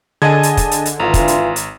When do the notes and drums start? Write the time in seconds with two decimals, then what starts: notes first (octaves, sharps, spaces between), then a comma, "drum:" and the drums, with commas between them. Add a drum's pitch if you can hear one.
0.22 D3 G#4 D#5 G#5 A5 G#6
0.43 drum: hi-hat
0.57 drum: kick, hi-hat
0.71 drum: hi-hat
0.86 drum: hi-hat
1.00 G#1 E3 F4 A#5
1.14 drum: kick, hi-hat
1.28 drum: hi-hat
1.56 drum: hi-hat